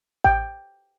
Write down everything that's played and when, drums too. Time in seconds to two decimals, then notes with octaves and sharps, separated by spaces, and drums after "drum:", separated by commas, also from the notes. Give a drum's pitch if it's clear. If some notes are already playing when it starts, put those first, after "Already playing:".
0.24 G5, drum: kick A1